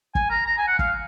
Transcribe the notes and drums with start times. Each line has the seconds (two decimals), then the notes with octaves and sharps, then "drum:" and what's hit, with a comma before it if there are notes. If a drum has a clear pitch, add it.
0.15 G#5, drum: kick
0.31 A#5
0.46 A#5
0.58 G#5
0.68 F#5
0.79 F5, drum: kick